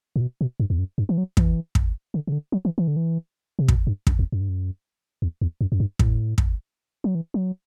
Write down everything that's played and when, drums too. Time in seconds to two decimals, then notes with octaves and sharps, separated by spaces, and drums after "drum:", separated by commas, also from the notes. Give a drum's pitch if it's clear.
0.16 A2
0.21 B2
0.41 B2
0.60 G2
0.70 E2
0.78 F#2
0.98 G2
1.09 E3
1.18 F#3
1.37 E3, drum: kick
1.75 drum: kick
2.14 D3
2.27 C3
2.32 D3
2.52 F#3
2.65 E3
2.78 E3
2.88 D3
2.96 E3
3.59 C3
3.68 B2, drum: kick
3.87 G2
4.07 F#2, drum: kick
4.19 E2
4.32 F#2
4.41 G2
4.49 F#2
5.22 E2
5.41 E2
5.61 F#2
5.72 F#2
5.80 G2
5.99 A2, drum: kick
6.38 drum: kick
7.04 F#3
7.15 E3
7.34 F#3